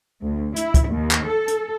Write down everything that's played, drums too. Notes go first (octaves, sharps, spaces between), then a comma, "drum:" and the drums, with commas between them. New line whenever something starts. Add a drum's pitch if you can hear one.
D2
E4, drum: hi-hat
drum: kick, hi-hat
D#2
drum: clap
A4
drum: hi-hat